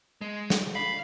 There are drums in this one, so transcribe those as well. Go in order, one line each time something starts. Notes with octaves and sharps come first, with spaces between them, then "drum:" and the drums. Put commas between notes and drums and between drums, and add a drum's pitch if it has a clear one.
G#3
drum: snare
F5 B5